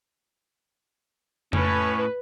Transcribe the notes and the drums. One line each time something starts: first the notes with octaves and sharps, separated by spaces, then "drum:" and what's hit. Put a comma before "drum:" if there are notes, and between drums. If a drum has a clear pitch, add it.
A2 C#4 B4, drum: tom F2